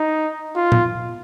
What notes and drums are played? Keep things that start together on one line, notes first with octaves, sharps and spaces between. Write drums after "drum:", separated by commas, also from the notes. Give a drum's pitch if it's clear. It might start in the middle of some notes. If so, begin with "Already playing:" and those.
Already playing: D#4
F4
drum: tom